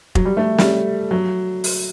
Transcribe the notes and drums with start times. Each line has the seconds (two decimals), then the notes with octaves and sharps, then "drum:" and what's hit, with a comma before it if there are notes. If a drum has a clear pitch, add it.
0.15 F#3, drum: kick F1
0.25 G3
0.37 A3
0.58 G3, drum: snare
1.11 F#3
1.64 drum: open hi-hat